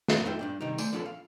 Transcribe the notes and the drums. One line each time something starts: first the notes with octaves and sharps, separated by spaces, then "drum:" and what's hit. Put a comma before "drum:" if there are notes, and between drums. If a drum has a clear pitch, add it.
drum: snare
F#3 D#4 F4 A4 E5 G5
G2 D4 G5
C3 D#3 G3 D#4
A3 C5 D5 G#5 C6, drum: tambourine
D3 F3 B3 C#4 G#4 A4
F5